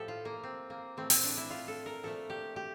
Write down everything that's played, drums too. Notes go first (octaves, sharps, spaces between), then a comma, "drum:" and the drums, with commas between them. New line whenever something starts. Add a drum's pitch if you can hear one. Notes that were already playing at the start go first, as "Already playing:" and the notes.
Already playing: A2 F3 G4 A4
F4
A#3
C4
A#3
A2 E3 A3 C4
C4, drum: open hi-hat
D4
E4
F4
A4
A#4
A#2 F3 A3 A4
G4
G4